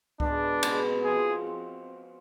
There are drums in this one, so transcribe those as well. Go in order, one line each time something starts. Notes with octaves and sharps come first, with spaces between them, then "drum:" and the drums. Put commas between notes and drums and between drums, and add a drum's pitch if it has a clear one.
B2 G#3 B3 D4, drum: kick C#2
B2 G#3 B3, drum: cymbal
F3 G#3 C4 G#4
C4